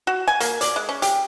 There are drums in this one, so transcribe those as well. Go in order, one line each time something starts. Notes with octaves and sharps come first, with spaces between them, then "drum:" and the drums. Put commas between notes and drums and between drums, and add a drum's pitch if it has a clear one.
F#4
G#5
A#3, drum: hi-hat
D5, drum: hi-hat
G#3
C#4
G4, drum: hi-hat